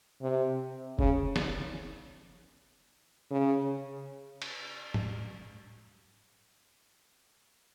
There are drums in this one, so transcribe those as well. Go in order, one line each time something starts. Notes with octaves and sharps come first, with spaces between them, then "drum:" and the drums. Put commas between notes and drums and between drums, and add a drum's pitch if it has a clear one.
C3
C#3, drum: kick
drum: snare
C#3
drum: cymbal
drum: tom